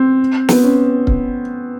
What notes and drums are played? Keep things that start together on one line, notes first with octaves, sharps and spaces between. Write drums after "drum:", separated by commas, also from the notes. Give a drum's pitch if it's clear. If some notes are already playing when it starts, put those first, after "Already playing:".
Already playing: C4
B3, drum: snare
C#4
drum: kick C#1